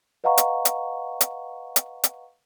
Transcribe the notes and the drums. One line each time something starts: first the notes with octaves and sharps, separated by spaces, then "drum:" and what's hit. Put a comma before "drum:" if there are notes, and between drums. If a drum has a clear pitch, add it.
B4 D#5 F5 F#5 A#5 C#6
drum: hi-hat
drum: hi-hat
drum: hi-hat
drum: hi-hat
drum: hi-hat